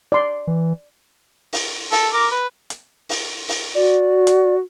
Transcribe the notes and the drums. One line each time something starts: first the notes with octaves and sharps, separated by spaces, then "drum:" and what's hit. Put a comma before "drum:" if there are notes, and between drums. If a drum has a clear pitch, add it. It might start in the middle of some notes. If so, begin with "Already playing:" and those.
D5 C6
E3
drum: open hi-hat
A4, drum: open hi-hat
A#4 D6
B4
drum: hi-hat
drum: open hi-hat
drum: open hi-hat
F#4 D5
drum: hi-hat